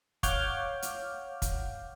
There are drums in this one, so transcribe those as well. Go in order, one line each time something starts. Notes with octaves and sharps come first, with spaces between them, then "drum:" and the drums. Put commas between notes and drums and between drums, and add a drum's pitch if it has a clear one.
C#5 F5 F#5 D6 F6 G6, drum: kick, hi-hat
drum: hi-hat
drum: kick, hi-hat